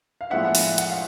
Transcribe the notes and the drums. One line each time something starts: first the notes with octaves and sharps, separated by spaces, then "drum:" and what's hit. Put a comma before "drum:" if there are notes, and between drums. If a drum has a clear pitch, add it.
F5
A2 F3 G#3 B3 D4 E5 F#5
drum: open hi-hat
F#5, drum: hi-hat
F5